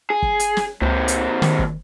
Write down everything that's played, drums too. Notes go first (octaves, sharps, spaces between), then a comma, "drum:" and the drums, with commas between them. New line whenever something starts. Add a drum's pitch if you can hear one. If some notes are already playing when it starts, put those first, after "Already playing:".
G#4
drum: kick F#1
drum: hi-hat
drum: snare
C#2 A#2 C4
drum: hi-hat
D#3, drum: snare
drum: kick F#1